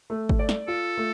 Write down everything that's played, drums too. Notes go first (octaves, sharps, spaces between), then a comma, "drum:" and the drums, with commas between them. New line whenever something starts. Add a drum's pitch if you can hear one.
A3
drum: kick G1
D5
drum: snare
F4 A4
A3